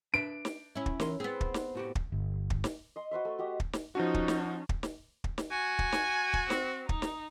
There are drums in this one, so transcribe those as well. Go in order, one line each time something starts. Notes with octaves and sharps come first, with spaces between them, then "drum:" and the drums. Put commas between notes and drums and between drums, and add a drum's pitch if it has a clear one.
D4 B4 E5 D7
drum: snare
C#4 E4
drum: kick
E3 A#4 C6, drum: snare
B3 C4 G#4
drum: kick
drum: snare
A2 F#4 G4
drum: kick
G1
drum: kick
drum: snare
D#5 C6
F#4 B4 C5 E5
A3
F#4 G4 D#5
drum: kick
drum: snare
F3 C#4 D#4 F#4
drum: kick
drum: snare
drum: kick
drum: snare
drum: kick
drum: snare
F#4 G#5
drum: kick
drum: snare
drum: kick
C4, drum: snare
D#4, drum: kick
drum: snare